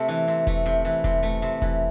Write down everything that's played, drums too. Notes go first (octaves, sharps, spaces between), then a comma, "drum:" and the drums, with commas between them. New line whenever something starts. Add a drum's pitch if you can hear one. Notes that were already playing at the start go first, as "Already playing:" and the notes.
Already playing: C3 A3 A4
E3
C3, drum: open hi-hat
A3, drum: kick E1, hi-hat
C3, drum: hi-hat
E3, drum: hi-hat
C3, drum: kick E1, hi-hat
A3, drum: open hi-hat
C3, drum: open hi-hat
E3, drum: kick E1, hi-hat